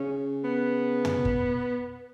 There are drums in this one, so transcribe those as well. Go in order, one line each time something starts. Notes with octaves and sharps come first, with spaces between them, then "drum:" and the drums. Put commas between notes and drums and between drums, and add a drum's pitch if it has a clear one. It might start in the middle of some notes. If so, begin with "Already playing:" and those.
Already playing: C#3 C#4
B3
drum: tom
drum: kick